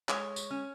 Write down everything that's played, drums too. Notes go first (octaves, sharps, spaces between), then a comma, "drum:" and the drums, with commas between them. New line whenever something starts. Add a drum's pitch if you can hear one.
G#3 C#5, drum: clap
drum: tambourine
C#4